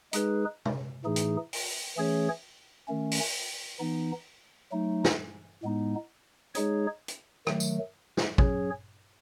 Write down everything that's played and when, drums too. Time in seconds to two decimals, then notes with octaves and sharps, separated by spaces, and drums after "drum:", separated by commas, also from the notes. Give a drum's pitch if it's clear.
0.13 G#3 D#4 G#4 B4, drum: hi-hat
0.65 drum: tom
1.05 A2 E3 A3 D#4 G#4
1.16 drum: hi-hat
1.53 drum: open hi-hat
1.96 E3 A3 C#4 G#4 C#5
2.88 D#3 A3 C#4
3.11 drum: open hi-hat
3.80 E3 B3 D#4
4.72 F#3 A3 D#4
5.04 drum: snare
5.63 A2 G#3 B3 D#4
6.55 G#3 D#4 G#4 C#5, drum: hi-hat
7.08 drum: hi-hat
7.47 D#3 F#3 A3, drum: rim click
7.60 drum: tambourine
8.17 drum: snare
8.38 F#3 C#4 G#4 C#5, drum: kick